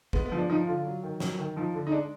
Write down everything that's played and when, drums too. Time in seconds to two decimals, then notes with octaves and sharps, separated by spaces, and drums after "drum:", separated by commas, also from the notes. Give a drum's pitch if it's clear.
0.13 G#3 B3, drum: kick
0.26 B3
0.32 F3
0.38 D4
0.50 F3 D#4
0.67 D3 F4
0.85 F#3
1.03 D#3
1.20 F#3, drum: snare
1.39 D#3
1.56 F3 D#4
1.74 D3
1.87 D#4
1.92 G#3 D4